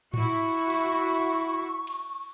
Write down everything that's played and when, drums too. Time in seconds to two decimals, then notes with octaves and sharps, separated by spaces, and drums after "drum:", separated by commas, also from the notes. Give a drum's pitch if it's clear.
0.14 E4 F#4 C#6, drum: tom G#2
0.70 drum: hi-hat
1.87 drum: cymbal